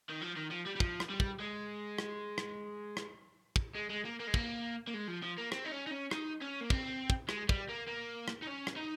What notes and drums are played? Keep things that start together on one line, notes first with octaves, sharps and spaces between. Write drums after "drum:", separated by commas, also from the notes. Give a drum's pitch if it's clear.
D#3
F3
D#3
F3
G3
G3
F3, drum: kick
drum: rim click
G3
drum: kick
G#3
drum: rim click
drum: rim click
drum: rim click
drum: kick
G#3
G#3
A#3
A#3
G#3
A#3, drum: kick
A#3
G#3
F3
F3
A#3
C4, drum: rim click
D#4
C#4
D#4
C#4
D#4, drum: rim click
C#4
A#3
C4, drum: kick
drum: kick
G#3, drum: rim click
G3, drum: kick
A#3
A#3
drum: rim click
D#4
C#4
drum: rim click
D#4